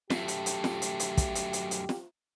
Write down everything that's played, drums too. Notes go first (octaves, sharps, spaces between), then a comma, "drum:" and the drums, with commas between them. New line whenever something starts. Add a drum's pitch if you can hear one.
F#2 A3 G4, drum: snare
drum: hi-hat
drum: hi-hat
drum: snare
drum: hi-hat
drum: hi-hat
drum: kick, hi-hat
drum: hi-hat
drum: hi-hat
drum: hi-hat
drum: snare